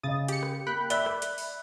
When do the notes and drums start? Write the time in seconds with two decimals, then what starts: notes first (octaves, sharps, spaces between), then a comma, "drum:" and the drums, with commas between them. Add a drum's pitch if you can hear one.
0.03 C#3 D#5 D#6 A6
0.28 G4 C#7, drum: hi-hat
0.43 drum: rim click
0.67 A#3 G5 B5 F#6
0.90 D5 E5 B5 F#6 G7, drum: hi-hat
1.06 drum: rim click
1.22 drum: hi-hat
1.38 drum: open hi-hat